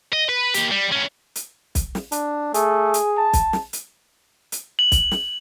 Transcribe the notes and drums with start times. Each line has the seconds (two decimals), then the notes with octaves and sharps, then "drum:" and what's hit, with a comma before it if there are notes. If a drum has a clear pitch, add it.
0.13 D#5
0.29 B4
0.54 A#3 G4, drum: hi-hat
0.71 G3
0.92 A2 C#4
1.35 drum: hi-hat
1.75 drum: kick B1, hi-hat
1.95 drum: snare
2.12 D4, drum: hi-hat
2.54 A3 G#4, drum: hi-hat
2.94 drum: hi-hat
3.18 A5
3.33 drum: kick B1, hi-hat
3.53 drum: snare
3.73 drum: hi-hat
4.52 drum: hi-hat
4.79 F#7
4.92 drum: kick B1, hi-hat
5.11 drum: snare